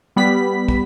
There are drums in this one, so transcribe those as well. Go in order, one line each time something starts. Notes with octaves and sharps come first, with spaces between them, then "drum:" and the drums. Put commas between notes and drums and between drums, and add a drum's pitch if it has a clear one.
G3 B3 B5 B6
drum: kick